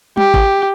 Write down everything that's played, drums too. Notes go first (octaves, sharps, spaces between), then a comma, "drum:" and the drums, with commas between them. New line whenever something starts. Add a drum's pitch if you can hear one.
G4, drum: tom G3
drum: kick G#1